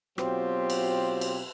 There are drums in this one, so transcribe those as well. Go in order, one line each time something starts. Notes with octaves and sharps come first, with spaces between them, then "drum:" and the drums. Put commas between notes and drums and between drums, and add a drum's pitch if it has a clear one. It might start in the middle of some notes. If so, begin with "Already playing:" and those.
B2 F#3 C4 F4 G4, drum: rim click
drum: cymbal
drum: cymbal